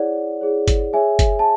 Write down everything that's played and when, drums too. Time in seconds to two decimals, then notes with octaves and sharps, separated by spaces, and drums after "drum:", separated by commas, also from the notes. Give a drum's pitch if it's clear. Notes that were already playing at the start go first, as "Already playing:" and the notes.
Already playing: E4 G#4 C#5 D5 F#5
0.41 E4 G#4 C#5
0.68 drum: kick G1, hi-hat
0.93 G#4 C#5 E5 G#5
1.19 drum: kick G1, hi-hat
1.39 A5